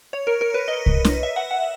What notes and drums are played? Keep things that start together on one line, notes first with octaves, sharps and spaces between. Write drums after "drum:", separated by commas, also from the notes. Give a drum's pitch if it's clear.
C#5
A#4
A#4
B4
D#5
drum: kick C2
drum: snare
E5
F#5
F#5